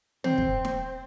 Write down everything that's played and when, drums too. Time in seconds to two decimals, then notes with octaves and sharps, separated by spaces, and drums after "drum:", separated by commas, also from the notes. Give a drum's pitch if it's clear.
0.24 C4, drum: tom
0.38 drum: kick
0.65 drum: snare